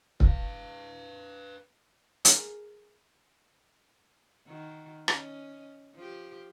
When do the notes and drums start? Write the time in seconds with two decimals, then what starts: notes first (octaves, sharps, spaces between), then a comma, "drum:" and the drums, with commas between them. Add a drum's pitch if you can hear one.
0.20 B4 F5, drum: kick C#1
2.25 G#4 A#4, drum: hi-hat
4.46 D#3 F#4
5.08 C#4 D#5, drum: rim click
5.95 F3 G4